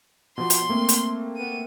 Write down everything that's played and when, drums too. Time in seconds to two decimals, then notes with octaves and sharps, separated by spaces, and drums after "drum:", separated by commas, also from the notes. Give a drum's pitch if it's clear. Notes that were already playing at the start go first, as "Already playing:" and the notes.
0.38 B2 F3 C6
0.50 drum: hi-hat
0.69 A3 A#3 C4
0.89 drum: hi-hat
1.36 B3 D#7